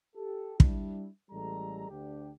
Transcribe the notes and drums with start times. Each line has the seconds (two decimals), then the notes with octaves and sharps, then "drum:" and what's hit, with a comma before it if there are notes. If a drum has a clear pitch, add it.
0.16 G4 A4
0.60 G3 D4 E4, drum: kick
1.31 A1 G3 G#3 A4 A#5
1.90 D2 D4 G4